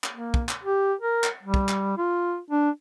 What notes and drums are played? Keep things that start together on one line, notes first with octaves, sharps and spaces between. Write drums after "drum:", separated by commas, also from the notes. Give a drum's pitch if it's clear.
drum: clap
A#3
drum: kick
drum: clap
G4
A#4
drum: clap
G3
drum: kick
drum: clap
F4
D4